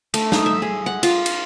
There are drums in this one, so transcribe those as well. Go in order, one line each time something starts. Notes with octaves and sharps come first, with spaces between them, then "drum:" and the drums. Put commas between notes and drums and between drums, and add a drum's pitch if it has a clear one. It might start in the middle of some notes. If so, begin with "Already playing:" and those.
A3, drum: cymbal
D#4, drum: snare
E5
G#4
F#5
F4, drum: cymbal
drum: cymbal